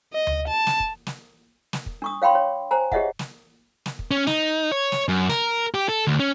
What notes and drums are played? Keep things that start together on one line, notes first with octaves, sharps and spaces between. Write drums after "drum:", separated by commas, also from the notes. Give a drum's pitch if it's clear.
D#5
drum: tom D2
A5
drum: snare
drum: kick
drum: snare
drum: snare
drum: kick
D4 C#6 D#6
C#5 F5 G5 B5 C6
C#5
C5 G#5 A#5
G4 G#4 C#5 D#5 E5 F#5, drum: kick
drum: snare
drum: snare
drum: kick
C#4
D#4, drum: snare
C#5
drum: snare
F#2
A#4, drum: snare
G4
A4
D2
C#4